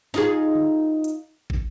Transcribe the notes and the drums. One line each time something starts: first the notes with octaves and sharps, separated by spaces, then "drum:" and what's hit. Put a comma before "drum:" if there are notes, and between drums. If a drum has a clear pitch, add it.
D#4 F4 G#4, drum: snare
drum: tom D3
drum: hi-hat
drum: kick